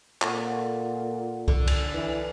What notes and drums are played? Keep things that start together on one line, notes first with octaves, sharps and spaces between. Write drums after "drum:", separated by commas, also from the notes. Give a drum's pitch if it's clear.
A#2 A4 F#5, drum: clap
D3, drum: kick C2
drum: cymbal
E3 B4